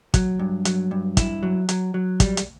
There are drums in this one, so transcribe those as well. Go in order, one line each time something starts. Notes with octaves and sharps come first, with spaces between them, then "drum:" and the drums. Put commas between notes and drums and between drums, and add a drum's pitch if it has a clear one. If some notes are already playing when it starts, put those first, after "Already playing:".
F#3, drum: kick, hi-hat
G2
F#3, drum: hi-hat
G2
E4, drum: kick, hi-hat
F#3
F#3, drum: hi-hat
F#3
G3, drum: kick, hi-hat
drum: hi-hat